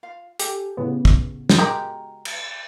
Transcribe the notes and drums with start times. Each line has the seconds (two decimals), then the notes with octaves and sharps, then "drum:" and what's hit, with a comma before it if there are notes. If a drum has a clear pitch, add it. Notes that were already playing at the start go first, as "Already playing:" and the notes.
0.03 F4 F5
0.39 G4 A4 G#5, drum: hi-hat
0.77 A2 C#3 B3
1.05 drum: kick
1.50 drum: snare
1.59 G#3 F#4 G4 A#4 A#5
2.25 drum: cymbal